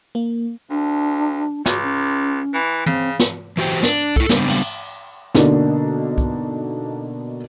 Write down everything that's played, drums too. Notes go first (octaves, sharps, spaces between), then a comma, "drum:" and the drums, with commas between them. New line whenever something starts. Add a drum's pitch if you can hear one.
A#3
D2 D4
C#2 F#4, drum: snare
C#4
E3
C#3 C4, drum: tom
drum: snare
E3 F#4 G4 C5 G5
D4, drum: snare
E4 A4, drum: kick
C#3 G3 B3 C4 D4, drum: snare
drum: cymbal
B2 D3 A#3 D4 D#4 A4, drum: snare
drum: kick